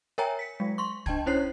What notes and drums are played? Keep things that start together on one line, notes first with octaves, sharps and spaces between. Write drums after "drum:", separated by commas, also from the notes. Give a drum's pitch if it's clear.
A#4 C#5 E5 G5 G#5 A#5
B6 C#7
F#3 G#3
C6 C#6
D4 D#5 G5 A5 G#6, drum: kick
C#4 E4 C5 C#5 F#6 C7